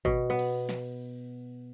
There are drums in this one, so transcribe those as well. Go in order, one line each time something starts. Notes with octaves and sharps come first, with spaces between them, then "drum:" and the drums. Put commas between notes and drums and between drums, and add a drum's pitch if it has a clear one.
B2, drum: kick G#1
B3
drum: cymbal
drum: snare